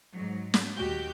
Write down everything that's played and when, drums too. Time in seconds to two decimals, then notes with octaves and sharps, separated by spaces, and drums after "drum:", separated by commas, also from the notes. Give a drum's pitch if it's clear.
0.12 G#2 F#3
0.54 drum: snare
0.74 D#2 F#4 G4 G6